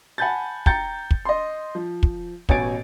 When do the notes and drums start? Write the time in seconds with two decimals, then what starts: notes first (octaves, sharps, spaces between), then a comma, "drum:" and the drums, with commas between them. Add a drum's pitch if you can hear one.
0.18 F#5 G#5 A5 B5 G6 A6
0.66 G5 A#5 G6 A6 C#7, drum: kick
1.11 drum: kick
1.25 D#5 C6
1.75 F3
2.03 drum: kick
2.49 A1 B2 C#5 G#5 A6 D7, drum: kick